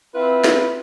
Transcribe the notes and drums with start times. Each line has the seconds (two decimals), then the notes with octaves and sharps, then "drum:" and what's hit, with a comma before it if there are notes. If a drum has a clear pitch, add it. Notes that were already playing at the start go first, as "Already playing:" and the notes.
0.14 C4 E4 F4 B4
0.44 drum: snare